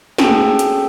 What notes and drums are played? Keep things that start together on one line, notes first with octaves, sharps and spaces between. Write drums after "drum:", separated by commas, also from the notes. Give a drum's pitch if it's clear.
C#4 F#4 G#4 A4 G5, drum: snare
drum: hi-hat